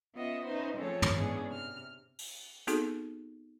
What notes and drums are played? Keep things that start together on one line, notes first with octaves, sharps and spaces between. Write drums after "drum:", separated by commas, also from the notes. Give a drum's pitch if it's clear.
B3 C#4 F4 D#5 E5 F#5
C#4 D#4 B4 C5 E5
C#3 F3 A3 C4 A4 C#5
drum: tom
G#3 B3 C#4 D4 E4 G#4
C3 F6
drum: open hi-hat
B3 C4 D#4 F#4 G#4 A4, drum: hi-hat